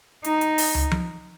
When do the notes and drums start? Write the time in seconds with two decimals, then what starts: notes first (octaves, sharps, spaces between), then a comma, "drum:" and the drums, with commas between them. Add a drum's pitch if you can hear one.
0.24 D#4, drum: hi-hat
0.41 drum: hi-hat
0.58 drum: open hi-hat
0.75 drum: tom
0.91 drum: tom F3